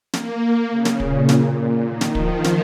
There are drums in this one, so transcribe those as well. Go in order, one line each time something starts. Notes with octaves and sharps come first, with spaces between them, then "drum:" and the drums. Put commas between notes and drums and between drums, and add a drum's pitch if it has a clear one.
A#3, drum: snare
A#3
C#3
drum: snare
A#2, drum: kick
drum: snare
D#3
drum: snare
F3, drum: kick
drum: snare